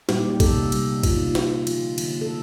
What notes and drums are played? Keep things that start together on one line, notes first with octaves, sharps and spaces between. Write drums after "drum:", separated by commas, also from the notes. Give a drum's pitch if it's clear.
A#2 G3 A#3 G4, drum: snare
D#4
G4
C3 G3 A#3 A4, drum: kick A1, cymbal
C3 G3 A#3, drum: cymbal
C3 G3 A#3 F4, drum: kick A1, cymbal
D#4
F4
C3 G3 A#3, drum: snare
D3 F3 A#3 F4, drum: cymbal
D3 F3 A#3, drum: cymbal
A4